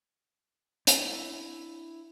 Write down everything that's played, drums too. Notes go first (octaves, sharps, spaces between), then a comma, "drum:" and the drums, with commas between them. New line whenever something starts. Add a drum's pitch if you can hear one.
C4 D4 E4 D5, drum: hi-hat